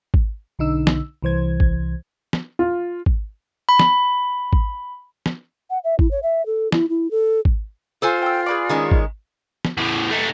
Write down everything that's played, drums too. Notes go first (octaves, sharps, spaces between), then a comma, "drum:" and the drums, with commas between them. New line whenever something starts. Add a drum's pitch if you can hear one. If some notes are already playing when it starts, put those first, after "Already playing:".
drum: kick G#1
B1 D3 D#4 E6
drum: snare
C2 E3 C5 G#6
drum: kick G#1
drum: snare
F4
drum: kick G#1
B5
drum: snare
drum: kick G#1
drum: snare
F#5
E5
E4, drum: kick G#1
C#5
E5
A4
E4, drum: snare
E4
A4
drum: kick G#1
F4 A4 C5 G#5
G5 E6
G#4 B4 D5
D#3 G#3 C#4
drum: kick G#1
drum: snare
E2 A2
A3 D#4